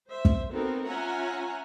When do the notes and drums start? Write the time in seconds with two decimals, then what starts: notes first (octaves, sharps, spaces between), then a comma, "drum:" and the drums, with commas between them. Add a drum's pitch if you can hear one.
0.11 C5 E5
0.25 drum: kick
0.51 B3 C4 D#4 F#4 A4 A#4
0.87 C#4 F4 E5 F#5 G#5 A#5